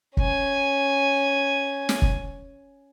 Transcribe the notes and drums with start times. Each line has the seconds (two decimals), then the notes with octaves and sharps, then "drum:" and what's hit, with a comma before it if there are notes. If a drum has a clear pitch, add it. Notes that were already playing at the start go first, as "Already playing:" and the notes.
0.17 C#4 G#5, drum: kick
1.89 drum: snare
2.02 drum: kick